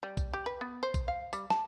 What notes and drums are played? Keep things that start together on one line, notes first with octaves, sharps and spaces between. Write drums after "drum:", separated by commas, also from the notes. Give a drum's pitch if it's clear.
G3
drum: kick, tambourine
G4
B4
B3
C5
drum: kick, tambourine
F5
G3, drum: tambourine
A5, drum: snare